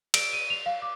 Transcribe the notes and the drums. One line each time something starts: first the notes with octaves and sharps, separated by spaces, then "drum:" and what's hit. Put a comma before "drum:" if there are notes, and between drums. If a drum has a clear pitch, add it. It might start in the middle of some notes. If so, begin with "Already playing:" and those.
D7, drum: cymbal
D#7
F7
F5
D6